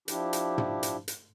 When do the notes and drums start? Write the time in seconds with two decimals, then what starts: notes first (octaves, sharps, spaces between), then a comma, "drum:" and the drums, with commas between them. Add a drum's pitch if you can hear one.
0.08 F3 D4 E4 G4, drum: hi-hat
0.33 drum: hi-hat
0.58 drum: tom
0.83 drum: hi-hat
1.08 drum: hi-hat